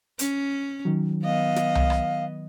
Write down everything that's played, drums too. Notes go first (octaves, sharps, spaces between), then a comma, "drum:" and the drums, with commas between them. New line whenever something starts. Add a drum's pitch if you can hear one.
C#4, drum: hi-hat
D#3 F#3
B3 D#5 F5
drum: snare
drum: tom C2
drum: rim click